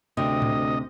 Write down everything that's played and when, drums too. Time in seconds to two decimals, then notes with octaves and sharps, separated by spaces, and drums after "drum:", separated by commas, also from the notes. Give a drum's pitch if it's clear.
0.17 D2 C3 D#5
0.42 drum: tom A2